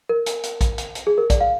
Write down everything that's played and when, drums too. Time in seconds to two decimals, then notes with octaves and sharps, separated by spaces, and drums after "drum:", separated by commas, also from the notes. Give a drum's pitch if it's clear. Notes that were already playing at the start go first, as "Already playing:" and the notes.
0.09 A#4
0.26 drum: hi-hat
0.43 drum: hi-hat
0.61 drum: kick A#1, hi-hat
0.78 drum: hi-hat
0.95 drum: hi-hat
1.07 G#4
1.18 A#4
1.30 D5, drum: kick A#1, hi-hat
1.41 F5